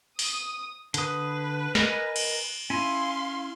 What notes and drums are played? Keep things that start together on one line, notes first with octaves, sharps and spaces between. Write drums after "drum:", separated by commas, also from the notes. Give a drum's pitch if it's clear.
D#6, drum: open hi-hat
D3 B4 D#6, drum: hi-hat
A#4 D#5 G#5, drum: snare
drum: cymbal
C#4 E4 F5 G#5 C6